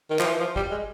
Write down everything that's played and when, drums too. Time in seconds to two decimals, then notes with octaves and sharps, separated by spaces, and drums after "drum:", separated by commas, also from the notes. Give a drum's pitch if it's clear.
0.10 D#3
0.19 F3, drum: clap
0.26 E3
0.40 F3
0.56 G3, drum: kick
0.71 G#3